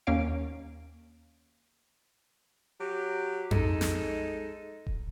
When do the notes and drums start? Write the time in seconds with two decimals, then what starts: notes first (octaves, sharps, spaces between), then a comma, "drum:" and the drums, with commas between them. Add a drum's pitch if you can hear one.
0.07 D#2 A#3 C#4 C#5 F5 D7
2.80 F#3 G4
3.51 G#3 D#4 A4, drum: tom F2
3.81 drum: snare
4.87 drum: kick D#1